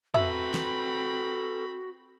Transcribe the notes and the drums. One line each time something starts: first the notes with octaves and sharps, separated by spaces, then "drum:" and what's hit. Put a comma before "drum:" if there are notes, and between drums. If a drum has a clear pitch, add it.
C4 F#4 A4 B4 E5 B5, drum: tom
drum: snare